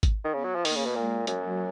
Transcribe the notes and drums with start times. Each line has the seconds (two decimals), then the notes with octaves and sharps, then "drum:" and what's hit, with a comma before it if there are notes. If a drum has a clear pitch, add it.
0.03 drum: kick G#1, hi-hat
0.24 D#3
0.34 C#3 B3
0.44 F#3
0.55 F3
0.65 D#3 A#3, drum: open hi-hat
0.76 C#3
0.86 B2
0.96 A#2 G#3
1.27 F#2 F#3, drum: hi-hat